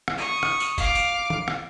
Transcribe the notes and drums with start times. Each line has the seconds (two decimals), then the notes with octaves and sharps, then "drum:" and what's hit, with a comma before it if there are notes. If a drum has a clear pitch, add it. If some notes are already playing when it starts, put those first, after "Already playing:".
0.08 drum: rim click
0.18 C#6 D#6
0.43 drum: rim click
0.60 drum: tambourine
0.78 F5 D6, drum: kick, tambourine
0.95 drum: tambourine
1.30 drum: tom E3
1.48 drum: rim click